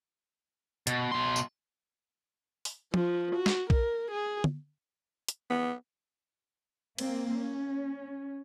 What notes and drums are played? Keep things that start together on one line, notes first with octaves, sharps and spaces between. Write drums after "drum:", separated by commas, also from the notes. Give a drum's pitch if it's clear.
B2, drum: hi-hat
B2 C6
drum: tambourine
drum: open hi-hat
F3, drum: tom
F#4
drum: snare
A#4, drum: kick B1
G#4
drum: tom
drum: hi-hat
B3
A#3 C4, drum: cymbal
C#4